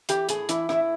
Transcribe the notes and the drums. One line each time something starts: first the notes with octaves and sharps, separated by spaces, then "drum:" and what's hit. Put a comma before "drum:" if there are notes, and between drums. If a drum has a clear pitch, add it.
E3 G4, drum: hi-hat
A2 G#4, drum: hi-hat
E3 E4, drum: hi-hat
A2 E4, drum: rim click